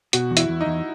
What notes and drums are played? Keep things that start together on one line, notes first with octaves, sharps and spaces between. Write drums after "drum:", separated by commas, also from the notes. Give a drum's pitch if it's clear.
B2 F#4, drum: hi-hat
E2
E4, drum: hi-hat
E2
D#4
E2